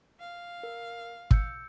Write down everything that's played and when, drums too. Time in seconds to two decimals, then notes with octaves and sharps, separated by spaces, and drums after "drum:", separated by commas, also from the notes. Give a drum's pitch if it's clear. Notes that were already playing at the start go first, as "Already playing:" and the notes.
0.20 F5
0.63 A#4
1.31 E6 G6 C#7, drum: kick